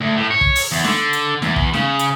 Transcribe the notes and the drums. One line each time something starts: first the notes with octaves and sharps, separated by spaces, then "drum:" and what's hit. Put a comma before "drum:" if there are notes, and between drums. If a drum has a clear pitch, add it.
D2
A2
C#5
drum: kick
drum: open hi-hat
E2
D3, drum: snare
drum: hi-hat
E2, drum: snare
drum: kick
C#3, drum: snare
drum: hi-hat